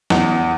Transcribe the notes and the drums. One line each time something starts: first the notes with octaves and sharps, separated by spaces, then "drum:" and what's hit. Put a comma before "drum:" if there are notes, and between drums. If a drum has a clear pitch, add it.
E2, drum: snare